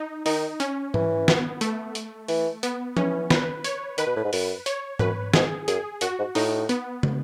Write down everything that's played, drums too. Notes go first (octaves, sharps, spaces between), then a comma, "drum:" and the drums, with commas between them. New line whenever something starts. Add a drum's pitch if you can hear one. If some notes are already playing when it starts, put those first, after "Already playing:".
Already playing: D#4
D#3 D#4, drum: open hi-hat
C#4, drum: hi-hat
E3, drum: tom G#2
B3, drum: snare
A3, drum: hi-hat
drum: hi-hat
E3, drum: open hi-hat
B3, drum: hi-hat
E3 C#4, drum: tom F3
B4, drum: snare
C#5, drum: hi-hat
D#3 B4, drum: hi-hat
B2
A2
G#2
F#2, drum: open hi-hat
C#5, drum: hi-hat
F#2 B4, drum: tom G#2
G#2 G#4, drum: snare
F#2 G#4, drum: hi-hat
F#2 F#4, drum: hi-hat
G#2
A2 D#4, drum: open hi-hat
B3, drum: hi-hat
drum: tom